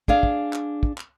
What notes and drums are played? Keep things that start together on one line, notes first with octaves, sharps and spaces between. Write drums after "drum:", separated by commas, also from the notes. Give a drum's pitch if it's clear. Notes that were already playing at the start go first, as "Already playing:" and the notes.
D4 G#4 D5 F5, drum: kick
drum: kick
drum: clap
drum: kick
drum: clap